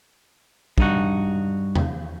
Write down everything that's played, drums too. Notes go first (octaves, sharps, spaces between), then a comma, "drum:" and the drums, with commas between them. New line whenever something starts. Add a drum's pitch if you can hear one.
G2 D#4 F#4, drum: kick
drum: tom E2